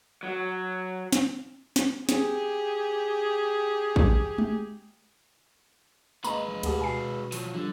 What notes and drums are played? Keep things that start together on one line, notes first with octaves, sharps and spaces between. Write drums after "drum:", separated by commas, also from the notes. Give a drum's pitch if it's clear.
F#3
drum: snare
drum: snare
G4 G#4, drum: snare
drum: kick A#1
drum: tom G#3
G#3 A#3 B4 D#5 A#5 C6, drum: tambourine
F3
D2 G4 G#4 F#5 A5, drum: cymbal
B2 F#4 G#5 C7
F3 F#3, drum: open hi-hat
D3 F3 G3 F4